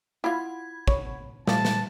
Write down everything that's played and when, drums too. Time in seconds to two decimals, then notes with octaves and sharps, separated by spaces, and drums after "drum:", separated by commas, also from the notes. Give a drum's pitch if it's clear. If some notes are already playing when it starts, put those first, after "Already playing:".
0.24 E4 F4 F#5 B5 G#6
0.87 C#5, drum: kick
1.47 A#2 F3 G3 A3 A5, drum: snare
1.65 drum: snare